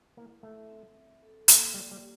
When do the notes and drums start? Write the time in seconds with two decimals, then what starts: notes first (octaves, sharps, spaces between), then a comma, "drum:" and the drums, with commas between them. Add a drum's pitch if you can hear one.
0.16 A#3 E4
0.43 A3 E5
0.70 C4
0.96 C4
1.22 A4
1.48 A#3, drum: hi-hat
1.74 G3 D5
1.91 G3
2.01 G4